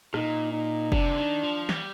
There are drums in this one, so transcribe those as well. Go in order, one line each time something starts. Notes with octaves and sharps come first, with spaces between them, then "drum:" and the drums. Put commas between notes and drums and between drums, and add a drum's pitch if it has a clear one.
A#2 D#4, drum: rim click
D#4
C3 D4, drum: kick
D3
D#3
F3
G3, drum: snare